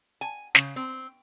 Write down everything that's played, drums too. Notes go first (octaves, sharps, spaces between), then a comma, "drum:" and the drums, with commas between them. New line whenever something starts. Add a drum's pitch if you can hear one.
G#5
C#3, drum: snare
C4